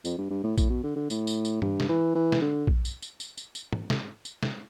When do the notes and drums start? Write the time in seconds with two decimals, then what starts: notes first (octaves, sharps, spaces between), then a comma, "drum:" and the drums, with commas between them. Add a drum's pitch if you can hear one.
0.05 F2, drum: tambourine
0.18 G2
0.30 G2
0.44 A2
0.58 A2, drum: kick A#1, tambourine
0.70 B2
0.84 D3
0.96 D3
1.10 A2, drum: tambourine
1.27 drum: tambourine
1.45 drum: tambourine
1.62 G2, drum: tom
1.80 drum: snare
1.89 E3
2.15 E3
2.32 drum: snare
2.42 D3
2.67 drum: kick A#1
2.85 drum: tambourine
3.02 drum: tambourine
3.20 drum: tambourine
3.37 drum: tambourine
3.55 drum: tambourine
3.73 drum: tom
3.90 drum: snare
4.25 drum: tambourine
4.43 drum: snare